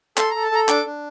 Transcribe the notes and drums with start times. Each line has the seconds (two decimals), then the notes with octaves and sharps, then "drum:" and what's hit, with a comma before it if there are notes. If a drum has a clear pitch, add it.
0.17 A4 C6, drum: clap
0.31 A4 A#5
0.43 A5
0.51 A4 A#5
0.69 D4 D6, drum: clap
0.86 D4